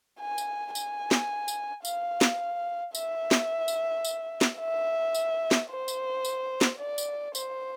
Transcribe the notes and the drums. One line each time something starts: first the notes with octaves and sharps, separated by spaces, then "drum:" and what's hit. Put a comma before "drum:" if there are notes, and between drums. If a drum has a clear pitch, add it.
G#5
drum: tambourine
G#5, drum: tambourine
drum: snare
drum: tambourine
F5, drum: tambourine
drum: snare
E5, drum: tambourine
drum: snare
drum: tambourine
drum: tambourine
drum: snare
E5
drum: tambourine
drum: snare
C5
drum: tambourine
drum: tambourine
drum: snare
D5
drum: tambourine
C5, drum: tambourine